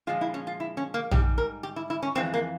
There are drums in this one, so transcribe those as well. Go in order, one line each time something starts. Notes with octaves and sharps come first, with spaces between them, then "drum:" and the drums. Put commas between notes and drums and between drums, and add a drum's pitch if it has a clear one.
A#2 F3 G#3 F4
E4
C#4
F4
E4
C#4
A#3
G#2 G3 G4, drum: tom A#1
A#4
G4
E4
E4
C#4
F2 E3 G#3 C4
A#3